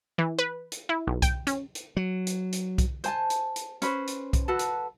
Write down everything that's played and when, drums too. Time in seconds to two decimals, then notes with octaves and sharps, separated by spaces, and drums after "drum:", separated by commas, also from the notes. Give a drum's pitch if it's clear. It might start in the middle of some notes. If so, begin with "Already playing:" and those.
0.18 E3
0.39 B4
0.72 drum: hi-hat
0.89 E4
1.07 B1
1.22 G5, drum: kick B1, hi-hat
1.47 C#4, drum: hi-hat
1.75 drum: hi-hat
1.97 F#3
2.27 drum: hi-hat
2.53 drum: hi-hat
2.78 drum: kick B1, hi-hat
3.04 C5 G#5 A5, drum: hi-hat
3.30 drum: hi-hat
3.56 drum: hi-hat
3.82 C#4 B4 C5, drum: hi-hat
4.07 drum: hi-hat
4.33 drum: kick B1, hi-hat
4.48 F#4 A4 B4 A5
4.59 drum: hi-hat